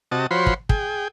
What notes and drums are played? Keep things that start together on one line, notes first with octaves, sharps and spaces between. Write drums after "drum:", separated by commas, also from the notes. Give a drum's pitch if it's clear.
C3 F#4 D#5 A5
F3 F#4 C5 C#5 B5 C6
drum: kick
G#4 G5, drum: kick